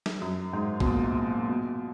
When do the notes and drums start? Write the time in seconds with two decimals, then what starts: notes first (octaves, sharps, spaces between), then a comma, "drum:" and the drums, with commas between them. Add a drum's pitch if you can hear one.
0.06 drum: snare
0.22 F#2
0.53 G#2
0.80 B2, drum: kick A#1
0.85 A#2
1.49 B2